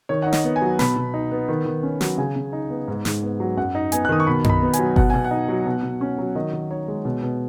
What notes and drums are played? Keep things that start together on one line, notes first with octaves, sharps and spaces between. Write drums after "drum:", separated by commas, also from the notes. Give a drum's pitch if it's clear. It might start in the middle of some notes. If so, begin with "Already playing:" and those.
D#3 C#5
D#4 F#5
D#5, drum: snare
B3
G#5
F#3
B2 B5, drum: snare
B2
D#4
B3
D#3
D#3
C#4
F#3, drum: snare
C#3 G#5
C#3
D#4
B3
G#2
G#2, drum: snare
B3
F#3
F#2 F#5
D#4
B3 G#5, drum: hi-hat
F#6
D#3 D#6
C#6
B2 B5
D#4, drum: tom F#2
B5
B3
G#5, drum: hi-hat
F#3
B2 F#5, drum: kick G1
B2 G#5
F#5
D#4
F#3
B2
B2
C#4
F#3
D#3 D#5
D#3
D#4 C#5
G#3
B2
B2